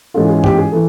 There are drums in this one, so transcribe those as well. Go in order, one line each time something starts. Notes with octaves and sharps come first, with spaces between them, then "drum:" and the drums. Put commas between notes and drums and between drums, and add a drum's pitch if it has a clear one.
G#2 E3 G#3 C#4 F4 A4
G#4
G4, drum: tom G2
G#4
E3 A4